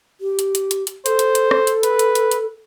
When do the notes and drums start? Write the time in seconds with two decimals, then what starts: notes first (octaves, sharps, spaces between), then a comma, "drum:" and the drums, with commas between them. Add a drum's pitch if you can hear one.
0.21 G4
0.39 drum: hi-hat
0.55 drum: hi-hat
0.71 drum: hi-hat
0.87 drum: hi-hat
1.06 A4 C5, drum: hi-hat
1.19 drum: hi-hat
1.35 drum: hi-hat
1.51 drum: rim click
1.67 drum: hi-hat
1.83 B4, drum: hi-hat
1.99 drum: hi-hat
2.15 drum: hi-hat
2.31 drum: hi-hat